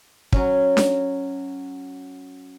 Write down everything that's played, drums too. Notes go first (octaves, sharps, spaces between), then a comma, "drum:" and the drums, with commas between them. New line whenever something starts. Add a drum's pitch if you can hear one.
F#3 C#4, drum: kick
drum: snare D4